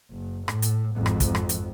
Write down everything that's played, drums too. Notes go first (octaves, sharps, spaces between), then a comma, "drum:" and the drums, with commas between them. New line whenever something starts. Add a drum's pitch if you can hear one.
F#1
A2, drum: rim click
drum: hi-hat
G#1 F2
drum: rim click
drum: kick, hi-hat
drum: rim click
drum: hi-hat